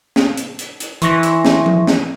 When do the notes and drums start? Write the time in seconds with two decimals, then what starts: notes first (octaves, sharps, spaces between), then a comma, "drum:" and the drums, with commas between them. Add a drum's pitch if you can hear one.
0.16 drum: snare
0.37 drum: hi-hat
0.59 drum: hi-hat
0.80 drum: hi-hat
1.02 E3 C6 C#6 A#6, drum: hi-hat
1.23 drum: hi-hat
1.45 drum: snare
1.66 drum: tom F3
1.87 drum: snare